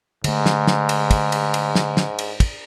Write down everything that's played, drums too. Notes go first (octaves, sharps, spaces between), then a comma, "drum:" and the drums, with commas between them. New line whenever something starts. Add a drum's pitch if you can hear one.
G#2 D3 A3, drum: cymbal
drum: snare
drum: snare
drum: cymbal
drum: kick, cymbal
drum: cymbal
drum: cymbal
drum: snare
drum: snare
drum: cymbal
drum: kick, cymbal